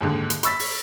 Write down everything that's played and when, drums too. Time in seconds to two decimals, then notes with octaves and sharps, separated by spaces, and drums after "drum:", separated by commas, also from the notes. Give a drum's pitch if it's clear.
0.01 D#2 G#2 D3
0.30 drum: hi-hat
0.43 B5 C#6 E6 A6 B6, drum: hi-hat
0.59 drum: open hi-hat